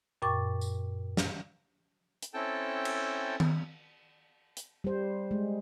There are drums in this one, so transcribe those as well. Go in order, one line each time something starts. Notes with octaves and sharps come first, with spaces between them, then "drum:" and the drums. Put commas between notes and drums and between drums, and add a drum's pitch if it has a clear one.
F#2 A#2 G5 C#6 D6 A6
drum: tambourine
drum: snare
drum: hi-hat
C4 C#4 E4 A4 G5 A5
drum: cymbal
drum: tom D#3
drum: hi-hat
G3 C5
G#3